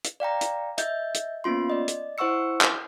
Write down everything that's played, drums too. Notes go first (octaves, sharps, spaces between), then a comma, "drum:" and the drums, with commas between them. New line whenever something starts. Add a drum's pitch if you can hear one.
drum: hi-hat
D5 F5 G5 A#5
drum: hi-hat
D#5 E5 G6, drum: hi-hat
drum: hi-hat
A#3 B3 C#4 F4 C6
D5 D#5
drum: hi-hat
E4 C5 F#5 C#6 E6 C#7
drum: clap